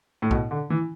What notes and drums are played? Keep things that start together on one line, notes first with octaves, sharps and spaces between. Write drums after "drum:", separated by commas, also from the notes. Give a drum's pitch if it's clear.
A2
B2, drum: kick
D3
E3